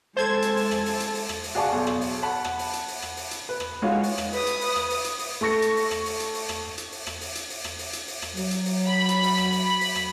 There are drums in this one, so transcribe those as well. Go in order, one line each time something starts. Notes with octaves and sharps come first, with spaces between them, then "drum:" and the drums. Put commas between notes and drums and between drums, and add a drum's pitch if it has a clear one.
G#3 A4 C5 G#6 E7
drum: hi-hat
drum: open hi-hat
drum: rim click
drum: open hi-hat
drum: hi-hat
drum: open hi-hat
drum: rim click
drum: open hi-hat
F#4 G#4 D5 F5 A5 C#6
B1
drum: rim click
drum: open hi-hat
F#5 A5 B5
drum: rim click
drum: open hi-hat
drum: hi-hat
drum: open hi-hat
drum: rim click
drum: open hi-hat
drum: hi-hat
B4
drum: rim click
G#3 D#4 F4 F#4 C#5
drum: open hi-hat
drum: rim click
B4 D#6, drum: open hi-hat
drum: hi-hat
drum: open hi-hat
drum: rim click
drum: open hi-hat
drum: hi-hat
drum: open hi-hat
A3 A4 C#6 A#6 C#7
drum: hi-hat
drum: open hi-hat
drum: rim click
drum: open hi-hat
drum: hi-hat
drum: open hi-hat
drum: rim click
drum: hi-hat
drum: open hi-hat
drum: rim click
drum: open hi-hat
drum: hi-hat
drum: open hi-hat
drum: rim click
drum: open hi-hat
drum: hi-hat
drum: open hi-hat
drum: rim click
F#3, drum: open hi-hat
drum: hi-hat
drum: open hi-hat
B5
drum: hi-hat
drum: open hi-hat
drum: rim click
drum: open hi-hat
B5
drum: open hi-hat
drum: rim click